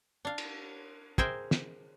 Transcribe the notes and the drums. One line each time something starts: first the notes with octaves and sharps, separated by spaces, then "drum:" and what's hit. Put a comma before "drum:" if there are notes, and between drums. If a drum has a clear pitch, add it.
D4 F5
drum: cymbal
G#4 A#4 C5 E5 G5, drum: kick
drum: snare